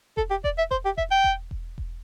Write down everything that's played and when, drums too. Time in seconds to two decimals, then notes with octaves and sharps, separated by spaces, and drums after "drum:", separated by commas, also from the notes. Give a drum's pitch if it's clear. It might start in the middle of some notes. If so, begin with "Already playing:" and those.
0.17 A4, drum: kick E1
0.30 G4
0.44 D5, drum: kick E1
0.58 E5
0.71 C5, drum: kick E1
0.85 G4
0.98 E5, drum: kick E1
1.11 G5
1.24 drum: kick E1
1.51 drum: kick E1
1.78 drum: kick E1